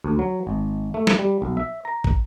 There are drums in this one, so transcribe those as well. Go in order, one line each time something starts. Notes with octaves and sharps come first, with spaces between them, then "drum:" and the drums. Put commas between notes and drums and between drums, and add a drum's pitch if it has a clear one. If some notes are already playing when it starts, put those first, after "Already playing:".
D2
F#3
G#1
A3
drum: snare
G3
B1
E5
A#5
drum: kick